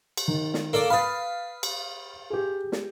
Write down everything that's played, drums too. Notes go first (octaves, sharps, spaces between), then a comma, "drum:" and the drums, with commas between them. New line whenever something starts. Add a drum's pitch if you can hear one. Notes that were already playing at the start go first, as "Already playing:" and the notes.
drum: cymbal
D#3
drum: snare
A#3 A4 D5
B4 F5 B5 D#6 A6
drum: cymbal
G4 G#4
drum: snare